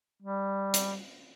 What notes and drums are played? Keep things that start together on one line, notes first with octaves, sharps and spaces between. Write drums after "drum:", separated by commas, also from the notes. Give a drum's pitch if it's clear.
G3
drum: hi-hat